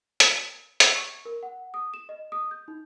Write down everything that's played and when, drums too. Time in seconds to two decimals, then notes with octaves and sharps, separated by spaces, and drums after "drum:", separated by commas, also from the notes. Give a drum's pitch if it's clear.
0.20 drum: hi-hat
0.80 E6, drum: hi-hat
0.95 C#6
1.25 A#4
1.43 F#5
1.74 D#6
1.94 E7
2.09 D#5
2.32 D#6
2.51 G6
2.68 D#4